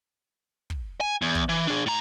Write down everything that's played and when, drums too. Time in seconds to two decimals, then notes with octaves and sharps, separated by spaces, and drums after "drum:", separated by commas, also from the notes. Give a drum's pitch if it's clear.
0.70 drum: kick
1.01 G#5
1.22 E2
1.35 drum: kick
1.49 E3
1.67 D4 G#4
1.86 A2 A#5